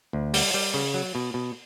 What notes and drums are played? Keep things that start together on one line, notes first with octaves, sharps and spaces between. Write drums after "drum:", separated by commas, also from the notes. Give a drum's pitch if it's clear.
D2
G3, drum: open hi-hat
G3
C#3
F#3
B2
B2